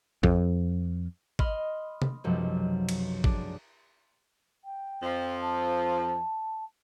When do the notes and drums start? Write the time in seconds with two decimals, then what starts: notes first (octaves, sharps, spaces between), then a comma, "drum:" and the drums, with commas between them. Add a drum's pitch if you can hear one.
0.23 F2, drum: kick
1.39 D#5 B5 C6 D#6 F6, drum: kick
2.02 drum: tom C3
2.24 B1 F#2 C3 F3 F#3 G#3
2.89 drum: cymbal
3.24 D4 G#4, drum: kick
4.64 G5
5.03 F2 F3
5.41 A5